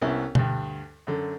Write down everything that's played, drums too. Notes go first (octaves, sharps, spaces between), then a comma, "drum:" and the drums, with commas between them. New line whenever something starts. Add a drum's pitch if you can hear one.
C2 B3 C#4 E4
D2 G2, drum: tom B2
F#2 D3